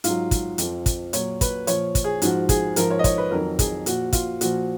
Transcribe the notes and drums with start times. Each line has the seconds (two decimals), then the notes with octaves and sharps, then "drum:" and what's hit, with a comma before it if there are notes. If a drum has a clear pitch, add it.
0.04 G#2 F#3 F4, drum: hi-hat
0.31 drum: kick, hi-hat
0.58 F2 F3, drum: hi-hat
0.86 drum: kick, hi-hat
1.13 A#2 F#3 C#5, drum: hi-hat
1.41 B4, drum: kick, hi-hat
1.67 A#2 F3 C#5, drum: hi-hat
1.95 drum: kick, hi-hat
2.04 G#4
2.22 G#2 F3 F#4, drum: hi-hat
2.49 G#4, drum: kick, hi-hat
2.76 G#2 F3 A#4, drum: hi-hat
2.91 C#5
2.99 D#5
3.04 C#5, drum: kick, hi-hat
3.18 B4
3.31 F2 D#3 F#3 A#4
3.59 G#4, drum: kick, hi-hat
3.86 A#2 F3 F#4, drum: hi-hat
4.13 F4, drum: kick, hi-hat
4.41 A#2 F3 F#4, drum: hi-hat